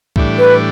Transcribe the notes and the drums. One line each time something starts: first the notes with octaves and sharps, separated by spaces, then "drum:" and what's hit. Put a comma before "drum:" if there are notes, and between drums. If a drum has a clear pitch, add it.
A2 E3 G3 D4, drum: kick
B4